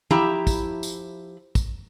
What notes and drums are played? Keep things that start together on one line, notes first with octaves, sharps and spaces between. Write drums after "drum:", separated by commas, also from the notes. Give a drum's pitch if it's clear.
F3 E4 G4 A#5, drum: tom
drum: kick, tambourine
drum: tambourine
drum: kick, tambourine